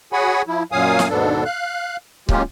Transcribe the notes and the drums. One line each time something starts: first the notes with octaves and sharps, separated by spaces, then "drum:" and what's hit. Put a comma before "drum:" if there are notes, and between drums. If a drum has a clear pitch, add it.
F#4 G#4 C#5 F#5 G#5 B5
F3 E4
F#2 A#2 F#3 F5 G#5 D#6
drum: snare
D#2 G#2 B2 B3 D4 A4
F5 F#6
F#3 G#3 A#3 C#4 F4 G4, drum: kick C#1